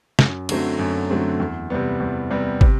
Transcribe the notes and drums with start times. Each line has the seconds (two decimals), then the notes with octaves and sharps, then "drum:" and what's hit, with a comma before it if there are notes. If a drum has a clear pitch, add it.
0.19 F#2, drum: snare
0.49 D3 F#3 A3 C4, drum: cymbal
0.79 F#2
1.10 D3 F#3 A3 C4
1.40 E2
1.70 C3 G3 B3
2.00 E2
2.31 C3 G3 B3
2.61 C3, drum: kick